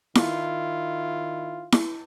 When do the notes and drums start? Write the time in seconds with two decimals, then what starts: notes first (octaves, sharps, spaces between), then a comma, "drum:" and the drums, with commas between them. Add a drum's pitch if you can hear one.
0.15 D#3 E4 F4, drum: snare E4
1.72 drum: snare E4